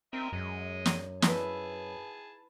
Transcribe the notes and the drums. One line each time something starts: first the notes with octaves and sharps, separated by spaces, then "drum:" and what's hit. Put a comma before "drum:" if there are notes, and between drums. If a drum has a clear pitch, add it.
C4 A#4 D#5 E5
F#2 G#3 D#5
drum: snare
E4 G#4 B4 A5, drum: snare